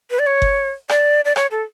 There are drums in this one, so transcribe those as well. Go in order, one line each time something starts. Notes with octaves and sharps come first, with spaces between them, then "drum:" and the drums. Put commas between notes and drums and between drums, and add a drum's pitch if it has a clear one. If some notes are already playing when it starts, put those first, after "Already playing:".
B4
D5
C#5
drum: kick F#1
D5, drum: rim click
D5
C#5, drum: rim click
A4